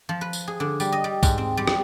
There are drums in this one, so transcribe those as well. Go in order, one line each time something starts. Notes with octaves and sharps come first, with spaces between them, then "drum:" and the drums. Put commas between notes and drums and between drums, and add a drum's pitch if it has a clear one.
F3
B4
drum: tambourine
G#4
D3
G3, drum: tambourine
D#5
G3
G#2, drum: kick B1, tambourine
C4
G3
drum: rim click